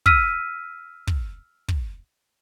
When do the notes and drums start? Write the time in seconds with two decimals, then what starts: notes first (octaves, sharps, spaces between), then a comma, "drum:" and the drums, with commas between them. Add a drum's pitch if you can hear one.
0.06 E6 F6 B6 D#7, drum: kick
1.07 drum: kick
1.68 drum: kick